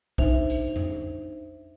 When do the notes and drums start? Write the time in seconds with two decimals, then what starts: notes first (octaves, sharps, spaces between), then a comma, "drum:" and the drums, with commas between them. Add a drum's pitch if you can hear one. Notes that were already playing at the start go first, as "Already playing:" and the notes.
0.18 D4 D#4 C5 E5 F7, drum: kick A#1
0.50 drum: hi-hat
0.76 drum: tom F2